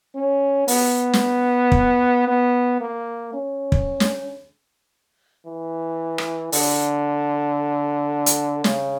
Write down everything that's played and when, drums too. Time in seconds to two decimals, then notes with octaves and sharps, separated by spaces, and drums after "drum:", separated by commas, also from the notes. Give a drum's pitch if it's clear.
0.15 C#4
0.68 B3, drum: open hi-hat
1.13 drum: snare
1.72 drum: kick
2.28 B3
2.81 A#3
3.34 C#4
3.72 drum: kick
4.00 drum: snare
5.46 E3
6.18 drum: rim click
6.52 D3, drum: open hi-hat
8.26 drum: hi-hat
8.64 C#3, drum: snare